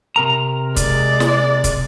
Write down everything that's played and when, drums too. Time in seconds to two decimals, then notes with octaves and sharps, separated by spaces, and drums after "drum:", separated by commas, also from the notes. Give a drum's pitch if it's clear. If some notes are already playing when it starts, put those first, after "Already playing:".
0.16 C3 A#4 A#5
0.77 G#3 D5, drum: kick, hi-hat
1.20 drum: snare
1.64 drum: kick, hi-hat